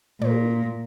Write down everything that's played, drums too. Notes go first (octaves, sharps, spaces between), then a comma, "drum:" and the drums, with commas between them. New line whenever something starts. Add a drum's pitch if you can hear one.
A#2, drum: tom